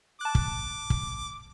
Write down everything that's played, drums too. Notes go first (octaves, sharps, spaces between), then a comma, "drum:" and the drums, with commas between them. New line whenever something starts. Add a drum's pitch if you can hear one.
A5 D6 F#6
drum: kick
drum: kick